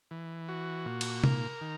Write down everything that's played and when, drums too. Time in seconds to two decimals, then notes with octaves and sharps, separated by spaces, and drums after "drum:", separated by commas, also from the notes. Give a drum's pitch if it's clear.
0.11 E3
0.48 F#4
0.86 A#2
1.01 drum: cymbal
1.24 A#4, drum: tom C3
1.61 D#3